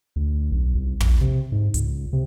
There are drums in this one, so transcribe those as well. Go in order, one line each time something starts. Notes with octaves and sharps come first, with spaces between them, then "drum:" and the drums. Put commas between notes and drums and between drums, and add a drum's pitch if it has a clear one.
D2
B1
C2
A#1, drum: tom
C3
G#2
C#2, drum: hi-hat
C3